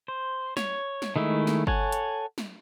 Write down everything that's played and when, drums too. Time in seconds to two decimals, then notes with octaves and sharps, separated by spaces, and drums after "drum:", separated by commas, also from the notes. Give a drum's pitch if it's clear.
0.08 C5
0.57 C#5, drum: snare
1.02 drum: snare
1.16 D#3 G#3 A3 E4
1.47 drum: snare
1.67 A4 C#5 F#5 G#5, drum: kick G1
1.92 drum: hi-hat
2.38 drum: snare